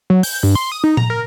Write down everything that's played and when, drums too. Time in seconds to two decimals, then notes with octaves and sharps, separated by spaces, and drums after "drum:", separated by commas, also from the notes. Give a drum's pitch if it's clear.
0.10 F#3
0.23 G6, drum: open hi-hat
0.43 G2
0.55 C6
0.72 D#6
0.84 D#4
0.97 A#5, drum: tom A#2
1.10 A#4